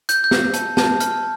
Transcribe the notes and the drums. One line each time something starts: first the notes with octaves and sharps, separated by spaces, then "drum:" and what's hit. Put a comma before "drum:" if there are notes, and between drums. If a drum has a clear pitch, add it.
G6, drum: hi-hat
G6
E6, drum: snare
A5, drum: hi-hat
A5, drum: snare
F6, drum: hi-hat